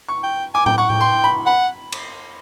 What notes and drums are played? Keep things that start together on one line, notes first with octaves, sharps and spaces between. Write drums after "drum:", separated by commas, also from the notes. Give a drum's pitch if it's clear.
C#6
G5
G#5 D6
G5, drum: tom A2
F#5 C#6
G5, drum: tom A2
C6
B5
F#5 B5
drum: cymbal